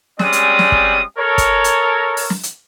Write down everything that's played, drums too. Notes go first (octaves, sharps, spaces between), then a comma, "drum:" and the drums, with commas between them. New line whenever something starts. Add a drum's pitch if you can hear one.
G3 G#3 C4 C#4 D5 D#6, drum: snare
drum: hi-hat
drum: snare
drum: kick
A4 A#4 C#5
drum: kick, hi-hat
drum: hi-hat
drum: open hi-hat
drum: snare
drum: hi-hat